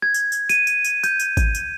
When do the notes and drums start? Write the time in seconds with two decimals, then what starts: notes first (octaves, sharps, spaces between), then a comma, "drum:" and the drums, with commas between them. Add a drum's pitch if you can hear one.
0.02 G#6
0.14 drum: tambourine
0.32 drum: tambourine
0.49 D#7, drum: tambourine
0.67 drum: tambourine
0.85 drum: tambourine
1.04 G6, drum: tambourine
1.20 drum: tambourine
1.37 drum: kick G#1, tambourine
1.55 drum: tambourine